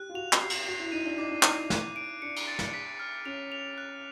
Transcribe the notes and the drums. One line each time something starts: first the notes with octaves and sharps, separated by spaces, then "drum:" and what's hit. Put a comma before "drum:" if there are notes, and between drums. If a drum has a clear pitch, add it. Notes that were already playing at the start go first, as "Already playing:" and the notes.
Already playing: G4 F#6
F4
F#4 F7
F4, drum: clap
G4 C7
F#4, drum: cymbal
F#4 C7
E4
D#4 D#7
D4
D#4 D6
D4
D#4 D6, drum: clap
F#6, drum: snare
D7
D4 C#7
drum: cymbal
A6
drum: snare
B6
F6
C#4 F7
F7
F#6